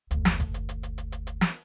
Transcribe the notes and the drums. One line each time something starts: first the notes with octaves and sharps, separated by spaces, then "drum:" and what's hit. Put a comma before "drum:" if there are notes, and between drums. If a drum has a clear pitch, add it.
F#1 D2, drum: hi-hat
drum: snare
drum: kick, hi-hat
drum: hi-hat
drum: hi-hat
drum: hi-hat
drum: hi-hat
drum: hi-hat
drum: hi-hat
drum: snare